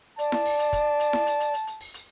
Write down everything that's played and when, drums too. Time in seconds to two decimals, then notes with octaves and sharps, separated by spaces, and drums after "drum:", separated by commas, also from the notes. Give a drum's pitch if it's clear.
0.19 D5 A5, drum: hi-hat
0.32 drum: snare E4
0.46 drum: open hi-hat
0.59 drum: hi-hat
0.73 drum: kick, hi-hat
1.00 drum: hi-hat
1.13 drum: snare E4
1.27 drum: hi-hat
1.40 drum: hi-hat
1.54 drum: hi-hat
1.67 drum: hi-hat
1.81 drum: open hi-hat
1.94 drum: hi-hat